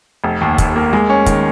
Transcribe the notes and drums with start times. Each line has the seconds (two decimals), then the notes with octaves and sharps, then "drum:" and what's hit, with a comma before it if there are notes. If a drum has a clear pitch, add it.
0.24 F1
0.41 D#2
0.58 D#2, drum: kick, hi-hat
0.76 A#3
0.93 G#3
1.10 C#4
1.26 D#3, drum: kick, hi-hat